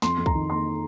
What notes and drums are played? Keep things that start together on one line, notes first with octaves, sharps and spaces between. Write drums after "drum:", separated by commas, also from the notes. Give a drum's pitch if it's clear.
F2 C6, drum: snare
F2
A#5, drum: kick
D#3
A#3 C6